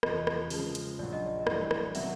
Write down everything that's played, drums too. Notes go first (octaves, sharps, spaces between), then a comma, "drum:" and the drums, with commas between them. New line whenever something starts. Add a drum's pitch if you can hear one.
E2 C3 F3 D#5, drum: rim click
drum: rim click
C#3 F3 G#3, drum: open hi-hat
drum: hi-hat
A#1 A#2 F#3 D5
D#5
D5
D#5
A#1 A2 E3 G3, drum: rim click
D5
drum: rim click
C3 D#3 F#3 B3 E5, drum: open hi-hat